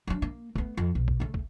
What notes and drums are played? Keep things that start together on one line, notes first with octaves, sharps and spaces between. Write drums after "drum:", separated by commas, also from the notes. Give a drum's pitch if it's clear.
F#3 D4
A#3
A3 B3, drum: kick
F2
B1
drum: kick
C#3 A3
drum: kick